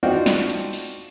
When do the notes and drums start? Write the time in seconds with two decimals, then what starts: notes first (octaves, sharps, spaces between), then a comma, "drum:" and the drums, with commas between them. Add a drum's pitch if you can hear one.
0.03 C4 D4 D#4 F4 F#4 G5
0.26 drum: snare
0.50 drum: hi-hat
0.73 drum: open hi-hat